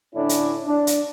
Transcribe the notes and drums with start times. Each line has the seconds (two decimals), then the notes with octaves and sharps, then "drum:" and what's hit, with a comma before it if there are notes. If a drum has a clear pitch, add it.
0.15 A2 D3 C#4 D4 E4
0.29 drum: hi-hat
0.66 D4
0.87 drum: hi-hat